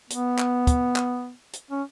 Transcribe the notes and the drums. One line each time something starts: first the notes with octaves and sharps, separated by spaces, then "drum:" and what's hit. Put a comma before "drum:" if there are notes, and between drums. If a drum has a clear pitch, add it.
B3, drum: hi-hat
drum: clap
drum: kick, hi-hat
drum: clap
drum: hi-hat
C#4